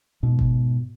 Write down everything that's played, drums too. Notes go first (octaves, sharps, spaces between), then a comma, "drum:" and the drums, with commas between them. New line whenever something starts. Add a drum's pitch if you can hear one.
G#2 B2
drum: kick G1